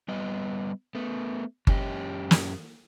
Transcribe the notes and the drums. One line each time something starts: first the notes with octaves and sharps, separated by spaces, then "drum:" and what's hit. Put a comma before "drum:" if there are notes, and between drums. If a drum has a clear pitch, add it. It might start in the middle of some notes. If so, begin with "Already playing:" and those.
G3 B3 D#5
A3 B3
F#2 C#4 G4 D#5, drum: kick G1
drum: snare